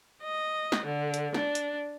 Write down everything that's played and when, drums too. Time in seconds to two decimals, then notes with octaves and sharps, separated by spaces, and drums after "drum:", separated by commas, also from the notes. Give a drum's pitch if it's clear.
0.23 D#5
0.72 drum: snare
0.86 D3
1.14 drum: hi-hat
1.34 D4, drum: snare
1.55 drum: hi-hat